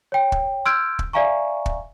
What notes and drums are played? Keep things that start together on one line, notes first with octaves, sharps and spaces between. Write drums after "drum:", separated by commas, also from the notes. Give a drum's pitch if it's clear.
C#5 G5
drum: kick
C6 E6 F6 G6 G#6 D7
drum: kick
D5 E5 F5 G#5 A#5 C#6
drum: kick